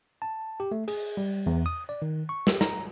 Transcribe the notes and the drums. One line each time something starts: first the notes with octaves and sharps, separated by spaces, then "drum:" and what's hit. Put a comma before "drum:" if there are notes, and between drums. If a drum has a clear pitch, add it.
A5
G4
A3
G#4, drum: cymbal
G3
E2
D#6
D5
D#3
C#6
G4, drum: snare
A#5, drum: snare